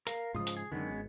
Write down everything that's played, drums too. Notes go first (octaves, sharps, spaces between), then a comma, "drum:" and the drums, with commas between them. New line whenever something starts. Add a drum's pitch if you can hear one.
A#4 F5, drum: hi-hat
G#2 C#3 F3 F4 D#6
drum: hi-hat
G#4
F#2 D3 D#3 G#3 B3 C#4
G#1